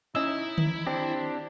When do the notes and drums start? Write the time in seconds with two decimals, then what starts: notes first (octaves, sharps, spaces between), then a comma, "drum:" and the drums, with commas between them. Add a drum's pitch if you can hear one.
0.15 C#4 D#4 E4 D#5 E6
0.58 drum: tom D3
0.87 C4 D4 G4 C5